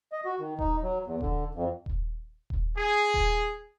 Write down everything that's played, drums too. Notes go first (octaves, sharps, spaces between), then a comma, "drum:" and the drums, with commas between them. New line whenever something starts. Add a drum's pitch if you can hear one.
D#5
F#4
D#3
D#4, drum: kick D#1
F#3
E2
D3, drum: kick D#1
F2
drum: kick D#1
drum: kick D#1
G#4
drum: kick D#1